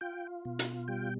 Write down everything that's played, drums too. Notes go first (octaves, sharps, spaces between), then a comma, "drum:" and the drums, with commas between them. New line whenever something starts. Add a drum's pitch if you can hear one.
F4 G5
B2
drum: hi-hat
G3 G5